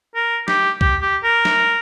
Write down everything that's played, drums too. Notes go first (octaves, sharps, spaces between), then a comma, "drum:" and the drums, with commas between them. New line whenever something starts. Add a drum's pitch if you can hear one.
A#4
G4, drum: snare
G4, drum: kick C2
G4
A#4
drum: snare